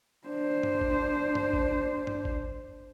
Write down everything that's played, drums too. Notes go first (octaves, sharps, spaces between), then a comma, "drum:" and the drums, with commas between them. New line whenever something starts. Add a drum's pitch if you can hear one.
D4 C5
drum: tom G2
drum: kick A1
drum: tom G2
drum: kick A1
drum: tom G2
drum: kick A1